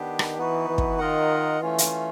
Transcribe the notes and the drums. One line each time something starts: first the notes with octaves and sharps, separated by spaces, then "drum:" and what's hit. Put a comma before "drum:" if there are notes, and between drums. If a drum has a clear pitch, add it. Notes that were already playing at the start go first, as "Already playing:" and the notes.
Already playing: D#3 B3 D4 G4
drum: rim click
E3 B3 D#4 F#4 B4
E3
drum: kick
D#3 F4 A#4 D#5 F#5
E3 A3 C#4 F4
drum: hi-hat